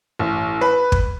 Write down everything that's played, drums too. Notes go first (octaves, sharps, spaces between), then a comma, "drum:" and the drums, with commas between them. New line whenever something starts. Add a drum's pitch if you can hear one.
A1
B4
drum: kick